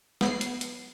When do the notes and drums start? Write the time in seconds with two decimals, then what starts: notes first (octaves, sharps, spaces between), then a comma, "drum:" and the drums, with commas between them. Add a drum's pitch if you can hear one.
0.21 B3 C7, drum: snare
0.41 drum: hi-hat
0.61 drum: hi-hat